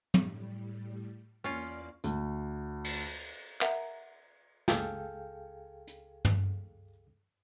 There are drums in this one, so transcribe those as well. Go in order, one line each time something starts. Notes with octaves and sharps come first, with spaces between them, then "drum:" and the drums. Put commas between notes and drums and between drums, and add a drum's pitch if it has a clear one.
A2 G3, drum: tom
E2 A#3 C#4 F4 D5
D2, drum: hi-hat
drum: cymbal
A#4 E5 F#5 A#5, drum: clap
C#2 G#4 A4 F5 G5, drum: snare
drum: hi-hat
drum: tom